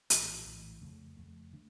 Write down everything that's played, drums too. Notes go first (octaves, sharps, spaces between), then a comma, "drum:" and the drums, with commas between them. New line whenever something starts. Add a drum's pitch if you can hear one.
A#1 A2 E3, drum: hi-hat
A#1 A2 E3
F2 C#3 F3 A3
F2 C#3 F3 A3
D3 A3 D4